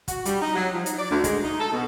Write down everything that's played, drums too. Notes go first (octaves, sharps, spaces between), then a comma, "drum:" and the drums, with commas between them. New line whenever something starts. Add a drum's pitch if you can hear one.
F#4, drum: kick, hi-hat
G3, drum: hi-hat
D#4
F#3
F3
D#4, drum: hi-hat
D5
D2
G#3, drum: kick, hi-hat
D#4
A4
B2